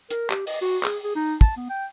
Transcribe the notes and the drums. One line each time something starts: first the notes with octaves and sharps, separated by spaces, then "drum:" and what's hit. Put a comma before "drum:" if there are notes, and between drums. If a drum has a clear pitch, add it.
A#4, drum: hi-hat
G4, drum: clap
D#5, drum: open hi-hat
F#4
G#4, drum: clap
G#4
D#4
A5, drum: kick
B3
G5